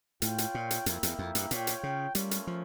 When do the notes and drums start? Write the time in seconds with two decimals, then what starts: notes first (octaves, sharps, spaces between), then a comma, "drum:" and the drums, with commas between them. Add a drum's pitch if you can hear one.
0.22 A2 F4 C#5 G5, drum: hi-hat
0.38 drum: hi-hat
0.54 A#2
0.71 drum: hi-hat
0.86 F2 A#3 E4 A#4 E5 G5, drum: hi-hat
1.03 E2, drum: hi-hat
1.19 F2
1.35 G2, drum: hi-hat
1.51 A#2 F4 C#5 G5, drum: hi-hat
1.67 drum: hi-hat
1.83 C#3
2.15 G3 A3 C#4 F4 A#4 C#5, drum: hi-hat
2.31 drum: hi-hat
2.47 F3